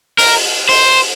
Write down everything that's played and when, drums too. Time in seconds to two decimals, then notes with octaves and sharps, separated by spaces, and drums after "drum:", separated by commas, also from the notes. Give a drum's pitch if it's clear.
0.19 A#4, drum: open hi-hat
0.69 C5, drum: open hi-hat